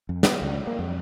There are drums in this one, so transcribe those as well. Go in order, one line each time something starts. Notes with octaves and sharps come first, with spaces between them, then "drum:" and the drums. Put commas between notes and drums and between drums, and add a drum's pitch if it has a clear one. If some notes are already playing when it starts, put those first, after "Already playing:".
F2
B3, drum: snare
C#2
A#3
F2